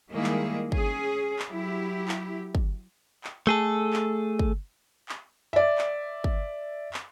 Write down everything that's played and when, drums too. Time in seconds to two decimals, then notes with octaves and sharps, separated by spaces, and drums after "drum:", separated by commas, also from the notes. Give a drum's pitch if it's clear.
0.12 D#3 G3 G#3 A#3 E4 G#4
0.24 drum: clap
0.72 C#4 G#4, drum: kick
1.39 drum: clap
1.49 F#3 E4 G4
2.08 drum: clap
2.55 drum: kick
3.24 drum: clap
3.47 A3 G#4 A4
3.93 drum: clap
4.39 drum: kick
5.09 drum: clap
5.53 D5 E5
5.78 drum: clap
6.24 drum: kick
6.94 drum: clap